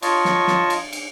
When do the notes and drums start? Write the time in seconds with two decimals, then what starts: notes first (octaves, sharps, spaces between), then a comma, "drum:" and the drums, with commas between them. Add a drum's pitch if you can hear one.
0.02 F4 C#5 D#5 A5 C#6, drum: cymbal
0.25 drum: snare
0.48 drum: snare
0.70 drum: cymbal
0.93 drum: cymbal